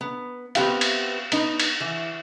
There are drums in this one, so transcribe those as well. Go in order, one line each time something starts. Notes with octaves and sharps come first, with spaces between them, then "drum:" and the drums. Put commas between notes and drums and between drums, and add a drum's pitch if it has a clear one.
B3
B3 C4 F#4 G4 E5 F5, drum: cymbal
drum: cymbal
B3 D#4, drum: cymbal
drum: cymbal
E3